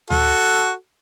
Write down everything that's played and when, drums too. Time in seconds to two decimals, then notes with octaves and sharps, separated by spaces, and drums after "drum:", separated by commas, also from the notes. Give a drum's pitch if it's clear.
0.10 F#4 A4, drum: tom D2